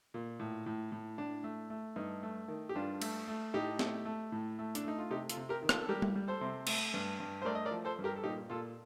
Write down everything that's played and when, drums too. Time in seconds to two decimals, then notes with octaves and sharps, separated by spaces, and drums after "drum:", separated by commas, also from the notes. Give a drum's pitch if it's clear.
0.14 A#2
0.40 A2
0.66 A2
0.92 A2
1.18 A2 D4
1.44 A3
1.70 A3
1.96 G2 D#4
2.23 A3
2.48 D#3
2.69 G4
2.75 G2 D4 F4
3.02 A3, drum: cymbal
3.28 A3
3.54 A2 D#4 G4
3.79 A3, drum: snare
4.05 A3
4.32 A2
4.59 A3
4.75 D4, drum: hi-hat
4.84 A3 D#4
4.98 F4
5.10 C3 D#4 G4
5.29 F4 A4, drum: hi-hat
5.37 C3
5.49 G4 A#4
5.63 D#3
5.69 F4 A4, drum: rim click
5.81 A4
5.89 G3 G4 A#4
6.02 drum: tom G3
6.16 G3
6.28 A4 C5
6.41 C3
6.67 A3, drum: cymbal
6.94 G2
7.20 G2
7.42 C5
7.45 A3 A#4 D5
7.55 D#5
7.65 A#4 D5
7.71 F3
7.85 A4 C5
7.99 G2
8.04 G4 A#4
8.16 A4
8.24 A#2 D#4 G4
8.50 A#2 F4 A4